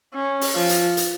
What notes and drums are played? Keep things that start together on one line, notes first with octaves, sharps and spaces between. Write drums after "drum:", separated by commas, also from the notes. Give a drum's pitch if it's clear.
C#4
drum: open hi-hat
F3
drum: hi-hat
drum: hi-hat